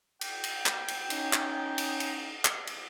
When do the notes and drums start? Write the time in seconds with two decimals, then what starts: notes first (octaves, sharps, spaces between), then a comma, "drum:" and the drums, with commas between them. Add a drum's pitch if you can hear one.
0.21 G5, drum: cymbal
0.44 drum: cymbal
0.66 drum: clap
0.88 drum: cymbal
1.10 C#4 D#4, drum: cymbal
1.33 drum: clap
1.78 drum: cymbal
2.00 drum: cymbal
2.45 drum: clap
2.67 drum: cymbal